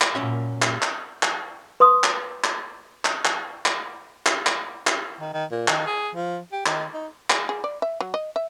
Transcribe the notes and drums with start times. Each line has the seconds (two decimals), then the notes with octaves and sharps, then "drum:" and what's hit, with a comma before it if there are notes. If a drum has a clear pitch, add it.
0.01 drum: clap
0.15 F#2 A#2 C#4 E5
0.62 drum: clap
0.82 drum: clap
1.23 drum: clap
1.80 B4 C6 D#6
2.04 drum: clap
2.44 drum: clap
3.05 drum: clap
3.25 drum: clap
3.66 drum: clap
4.26 drum: clap
4.47 drum: clap
4.87 drum: clap
5.20 D#3
5.33 D#3
5.51 A#2
5.68 D#3, drum: clap
5.86 G#4
6.15 F3
6.52 G4
6.66 D#3, drum: clap
6.93 D#4
7.30 G#4, drum: clap
7.49 G#4
7.64 D5
7.82 E5
8.00 F#3
8.14 D#5
8.36 E5